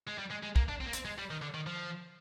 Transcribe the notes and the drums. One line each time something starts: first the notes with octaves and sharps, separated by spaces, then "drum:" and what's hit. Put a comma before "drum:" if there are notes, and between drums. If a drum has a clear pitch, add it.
G#3
G3
G#3
G#3
A#3, drum: kick
D4
C4
A#3
C4, drum: hi-hat
G#3
G3
D#3
D3
D#3
F3